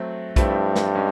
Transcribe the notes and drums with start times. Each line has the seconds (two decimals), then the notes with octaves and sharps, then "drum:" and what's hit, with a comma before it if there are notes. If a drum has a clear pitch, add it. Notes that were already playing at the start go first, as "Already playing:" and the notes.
Already playing: F#3 A3 C4
0.36 G2 F3 A3 C4 E4, drum: kick, hi-hat
0.76 drum: snare
0.95 G#3 C#4